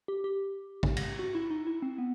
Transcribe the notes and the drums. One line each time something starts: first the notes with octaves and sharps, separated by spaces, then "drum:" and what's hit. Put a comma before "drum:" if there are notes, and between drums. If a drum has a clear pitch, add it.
G4
G4
drum: kick A1
drum: cymbal
F#4
E4
D#4
E4
C4
B3